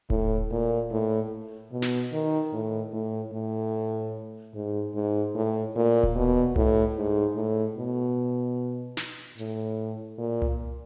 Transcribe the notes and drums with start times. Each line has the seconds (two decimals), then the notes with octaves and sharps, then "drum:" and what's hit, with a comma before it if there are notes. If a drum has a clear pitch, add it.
0.10 A2, drum: kick D#1
0.52 A#2
0.91 A2
1.72 B2
1.82 drum: snare
2.12 D#3
2.53 A2
2.93 A2
3.33 A2
4.55 G#2
4.95 G#2
5.35 A2
5.76 A#2
6.03 drum: kick D#1
6.16 B2
6.56 A2, drum: tom C2
6.97 G#2
7.36 A2
7.77 B2
8.97 drum: snare
9.38 A2, drum: hi-hat
10.18 A#2
10.42 drum: tom C2